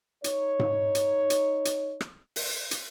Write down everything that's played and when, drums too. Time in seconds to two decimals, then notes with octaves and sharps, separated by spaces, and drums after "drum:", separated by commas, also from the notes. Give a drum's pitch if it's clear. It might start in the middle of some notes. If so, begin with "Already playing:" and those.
0.24 D#4 C#5, drum: hi-hat
0.59 drum: tom G#2
0.95 drum: hi-hat
1.30 drum: hi-hat
1.65 drum: hi-hat
2.01 drum: rim click
2.36 drum: open hi-hat
2.71 drum: hi-hat